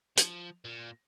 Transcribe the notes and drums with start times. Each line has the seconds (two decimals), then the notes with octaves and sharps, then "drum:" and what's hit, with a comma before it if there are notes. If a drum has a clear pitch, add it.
0.17 F3, drum: hi-hat
0.65 A#2